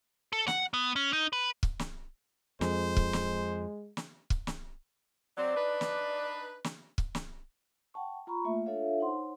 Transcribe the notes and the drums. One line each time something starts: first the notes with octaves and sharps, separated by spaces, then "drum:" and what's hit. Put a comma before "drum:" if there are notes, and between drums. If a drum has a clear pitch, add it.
A4
F#5, drum: snare
B3
C#4
D#4
B4
drum: kick
drum: snare
F2 G#3 C5, drum: snare
drum: kick
drum: snare
drum: snare
drum: kick
drum: snare
F#3 C4 D5
D4 D#4 B4
drum: snare
drum: snare
drum: kick
drum: snare
F#5 G5 A5 C#6
F4 A#5 B5 C#6
A3 A#3 F4 E5
D4 F4 A4 C#5 E5 F5
D#4 C5 C#5 F#5 C6